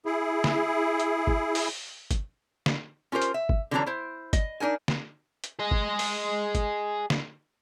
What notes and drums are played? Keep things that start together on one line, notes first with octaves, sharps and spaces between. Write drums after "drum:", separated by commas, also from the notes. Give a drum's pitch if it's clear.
E4 G#4
drum: snare
drum: hi-hat
drum: kick G1
drum: open hi-hat
drum: kick G1, hi-hat
drum: snare
C#4 F4 G4 A#4 C5
drum: hi-hat
E5
drum: kick G1
D3 E3 F#3 C#4 D4 A#5
E4 C5
D#5, drum: kick G1, hi-hat
D4 D#4 A#4 G#5
drum: snare
drum: hi-hat
G#4 D#5
drum: kick G1
drum: open hi-hat
drum: kick G1, hi-hat
drum: snare